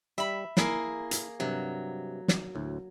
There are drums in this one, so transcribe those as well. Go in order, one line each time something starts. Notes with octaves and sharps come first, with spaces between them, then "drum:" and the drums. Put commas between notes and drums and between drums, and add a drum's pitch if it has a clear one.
G3 E5 B5
A#3 E4 G#4 A#4, drum: snare
drum: hi-hat
G2 C3 F#3
drum: snare
D2 A2